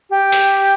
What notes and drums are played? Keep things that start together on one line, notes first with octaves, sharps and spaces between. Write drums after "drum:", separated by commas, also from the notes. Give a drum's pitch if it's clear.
G4
drum: open hi-hat